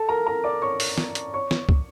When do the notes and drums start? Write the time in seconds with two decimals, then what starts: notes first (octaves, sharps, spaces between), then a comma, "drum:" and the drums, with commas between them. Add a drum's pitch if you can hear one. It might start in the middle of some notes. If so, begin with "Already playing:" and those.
Already playing: A4 A5
0.09 A#4 A#5
0.27 A#4 A#5
0.44 D5 D6
0.62 C#5 C#6
0.80 drum: open hi-hat
0.98 drum: snare
1.15 drum: hi-hat
1.34 C#5 C#6
1.51 drum: snare
1.69 drum: kick